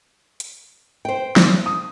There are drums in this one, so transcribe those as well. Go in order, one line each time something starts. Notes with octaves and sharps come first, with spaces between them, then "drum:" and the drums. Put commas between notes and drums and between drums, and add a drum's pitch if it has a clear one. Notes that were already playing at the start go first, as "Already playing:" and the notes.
drum: hi-hat
C5 G5
drum: snare
D#6